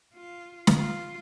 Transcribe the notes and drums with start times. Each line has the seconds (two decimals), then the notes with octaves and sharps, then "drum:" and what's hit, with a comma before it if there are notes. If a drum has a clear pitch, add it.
0.14 F4
0.67 drum: snare
0.77 F4